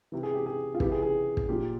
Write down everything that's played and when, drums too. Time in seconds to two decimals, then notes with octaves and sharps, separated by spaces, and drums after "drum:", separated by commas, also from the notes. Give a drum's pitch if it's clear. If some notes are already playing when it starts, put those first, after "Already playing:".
0.12 C3 E3
0.23 G#4
0.34 G4
0.46 G#4
0.75 F4
0.80 C3 E3 G4, drum: kick
0.92 G#4
1.02 G#4
1.37 drum: kick
1.49 A#2 F3 G4